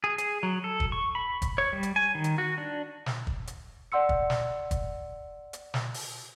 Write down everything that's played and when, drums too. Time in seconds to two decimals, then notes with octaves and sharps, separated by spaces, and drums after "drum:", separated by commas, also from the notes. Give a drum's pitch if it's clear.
0.04 G#4
0.18 G#4, drum: hi-hat
0.43 F#3
0.64 A4
0.80 drum: kick
0.92 C#6
1.15 B5
1.42 drum: kick, hi-hat
1.58 C#5
1.73 G3
1.83 drum: hi-hat
1.96 G#5
2.15 D#3
2.24 drum: hi-hat
2.38 F#4
2.58 D4
3.06 drum: snare
3.27 drum: kick
3.47 drum: hi-hat
3.92 D5 F#5 C6 E6 C#7
4.09 drum: kick
4.30 drum: snare
4.71 drum: kick, hi-hat
5.53 drum: hi-hat
5.74 drum: snare
5.94 drum: open hi-hat